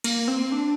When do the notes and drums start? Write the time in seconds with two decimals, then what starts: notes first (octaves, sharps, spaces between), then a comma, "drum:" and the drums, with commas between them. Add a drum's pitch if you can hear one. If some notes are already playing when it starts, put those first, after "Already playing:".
0.04 A#3, drum: cymbal
0.28 C4
0.52 D4